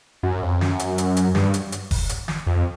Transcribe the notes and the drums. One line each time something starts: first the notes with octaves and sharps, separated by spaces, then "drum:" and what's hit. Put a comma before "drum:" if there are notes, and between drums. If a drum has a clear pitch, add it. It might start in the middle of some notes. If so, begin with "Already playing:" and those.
F#2
F2
F#2, drum: snare
drum: hi-hat
drum: hi-hat
drum: hi-hat
G2, drum: snare
drum: hi-hat
drum: hi-hat
drum: kick F1, open hi-hat
drum: hi-hat
drum: snare
F2